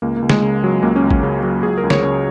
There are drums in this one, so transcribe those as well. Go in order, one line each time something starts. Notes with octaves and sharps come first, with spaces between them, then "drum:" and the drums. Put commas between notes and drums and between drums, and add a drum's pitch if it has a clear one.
C#2 A#3
A#3
C#2
G#3, drum: snare
C#3
F#3
C#2 A#3
C#4
C#2
C#4, drum: kick
C#3
F#3 F#4
C#2 G#4
A#4
C#2
C#5, drum: snare
C#3 C#5